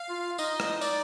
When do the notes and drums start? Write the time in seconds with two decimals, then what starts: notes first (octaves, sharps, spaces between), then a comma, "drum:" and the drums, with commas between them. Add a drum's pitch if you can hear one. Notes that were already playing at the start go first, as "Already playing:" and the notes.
Already playing: F5
0.09 F4
0.38 D#4 D#5, drum: tambourine
0.60 drum: rim click
0.81 D5, drum: tambourine